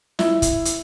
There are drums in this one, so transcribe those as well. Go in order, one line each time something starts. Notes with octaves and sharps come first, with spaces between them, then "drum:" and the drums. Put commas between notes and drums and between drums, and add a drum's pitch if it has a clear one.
E4, drum: snare
drum: kick, hi-hat
drum: hi-hat